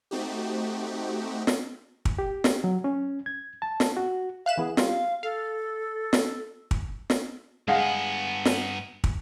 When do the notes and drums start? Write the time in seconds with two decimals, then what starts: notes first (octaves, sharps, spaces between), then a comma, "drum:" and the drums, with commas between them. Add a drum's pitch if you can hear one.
0.11 A3 C4 D#4 F#4 G4
1.47 drum: snare
2.05 drum: kick
2.19 G4
2.44 drum: snare
2.64 F#3
2.84 C#4
3.26 G#6
3.62 A5
3.80 drum: snare
3.97 F#4
4.46 E5 F5 F#6 E7
4.58 E3 B3 G#4
4.77 G3 F4 F5, drum: snare
5.23 A4 F5
6.13 drum: snare
6.71 drum: kick
7.10 drum: snare
7.68 G2 G#3 B3 F5 F#5
8.45 drum: snare
9.04 drum: kick